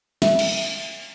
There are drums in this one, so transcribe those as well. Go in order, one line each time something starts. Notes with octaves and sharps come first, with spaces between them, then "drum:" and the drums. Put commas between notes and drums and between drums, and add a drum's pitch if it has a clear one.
E5, drum: snare
drum: cymbal